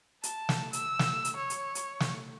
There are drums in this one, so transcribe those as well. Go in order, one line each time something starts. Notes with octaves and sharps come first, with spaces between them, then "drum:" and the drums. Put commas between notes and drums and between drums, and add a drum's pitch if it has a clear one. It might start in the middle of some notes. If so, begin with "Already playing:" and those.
A5, drum: hi-hat
drum: snare
E6, drum: hi-hat
drum: snare
drum: hi-hat
C#5
drum: hi-hat
drum: hi-hat
drum: snare